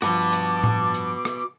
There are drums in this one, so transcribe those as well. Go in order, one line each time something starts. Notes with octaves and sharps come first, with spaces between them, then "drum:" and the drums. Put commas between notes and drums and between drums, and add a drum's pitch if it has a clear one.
G2 F3 F#4 B4 A5 D6, drum: rim click
drum: hi-hat
drum: tom A2
drum: hi-hat
drum: rim click